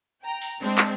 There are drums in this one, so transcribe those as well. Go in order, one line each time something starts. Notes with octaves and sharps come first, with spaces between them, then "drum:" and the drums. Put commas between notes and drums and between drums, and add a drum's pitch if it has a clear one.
G5 A#5
drum: open hi-hat
G#3 C4 D4
drum: clap